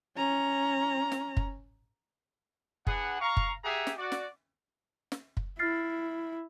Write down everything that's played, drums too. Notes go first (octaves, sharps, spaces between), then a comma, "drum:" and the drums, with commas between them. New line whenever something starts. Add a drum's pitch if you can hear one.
C#4 A#5
drum: snare
drum: kick
D4 G#4 B4 F#5, drum: kick
F5 A#5 C#6
drum: kick
G4 G#4 E5 F#5 G#5 A#5
drum: snare
F#4 D5
drum: snare
drum: snare
drum: kick
E4 F6 A6 C7